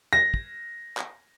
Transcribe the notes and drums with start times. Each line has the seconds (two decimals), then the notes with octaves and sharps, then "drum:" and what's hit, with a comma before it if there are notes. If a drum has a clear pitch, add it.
0.13 A#6
0.34 drum: kick
0.97 drum: clap